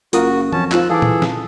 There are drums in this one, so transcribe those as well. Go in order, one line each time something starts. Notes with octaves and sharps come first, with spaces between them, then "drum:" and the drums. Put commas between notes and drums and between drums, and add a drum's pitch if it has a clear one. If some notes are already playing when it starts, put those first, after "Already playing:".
F#1 F4 F#4 A#4 D#6, drum: hi-hat
F2 C#4 A5, drum: tom
D#4 F4 C5 E6 F#6, drum: clap
E3 G#4 A4 F5 D6
drum: tom A#2
drum: snare